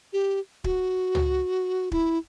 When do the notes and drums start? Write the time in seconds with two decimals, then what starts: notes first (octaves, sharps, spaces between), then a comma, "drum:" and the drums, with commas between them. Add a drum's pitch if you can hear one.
0.13 G4
0.64 F#4, drum: kick
1.15 drum: tom
1.92 E4, drum: kick